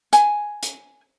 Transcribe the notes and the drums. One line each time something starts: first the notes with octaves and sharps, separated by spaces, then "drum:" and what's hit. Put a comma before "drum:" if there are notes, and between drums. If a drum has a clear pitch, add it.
G#5, drum: hi-hat
drum: hi-hat